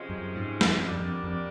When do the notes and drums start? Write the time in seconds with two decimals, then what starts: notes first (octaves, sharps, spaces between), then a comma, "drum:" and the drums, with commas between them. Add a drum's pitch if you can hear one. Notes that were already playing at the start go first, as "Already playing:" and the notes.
Already playing: C3 F3 G#3 C#4
0.10 F#2
0.36 G#2
0.61 F2, drum: snare
0.78 F#2
0.86 F2 D3 G3 A#3 D4
0.99 F2
1.24 F2